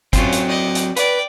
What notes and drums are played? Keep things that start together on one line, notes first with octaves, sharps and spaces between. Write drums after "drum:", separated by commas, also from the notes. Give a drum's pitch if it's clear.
F#3 C4 C#4 F4, drum: kick, hi-hat
drum: hi-hat
D5 D#5
drum: hi-hat
B4 D5 G5, drum: hi-hat